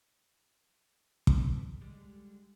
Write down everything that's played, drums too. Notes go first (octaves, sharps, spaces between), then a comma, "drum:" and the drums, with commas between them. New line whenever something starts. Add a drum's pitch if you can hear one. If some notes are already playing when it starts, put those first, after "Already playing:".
E4 A4 B4, drum: kick
D3 G3 G#3